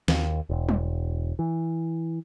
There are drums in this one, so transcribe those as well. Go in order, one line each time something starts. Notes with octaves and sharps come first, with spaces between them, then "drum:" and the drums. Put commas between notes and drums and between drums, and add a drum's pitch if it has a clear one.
D#2, drum: snare
E1
drum: tom F#3
E3